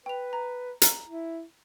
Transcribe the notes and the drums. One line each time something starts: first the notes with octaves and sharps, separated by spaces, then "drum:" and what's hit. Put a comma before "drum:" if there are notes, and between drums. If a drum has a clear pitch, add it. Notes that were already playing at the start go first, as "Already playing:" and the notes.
B4 G5 F7
A#5
A#5, drum: hi-hat
E4